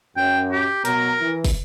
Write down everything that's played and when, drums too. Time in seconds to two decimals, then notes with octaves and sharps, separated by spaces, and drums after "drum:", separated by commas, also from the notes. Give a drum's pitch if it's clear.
0.17 F#2 G5
0.52 G4
0.85 B2 F#3 A#4 A#5, drum: hi-hat
1.21 E3
1.45 drum: kick, open hi-hat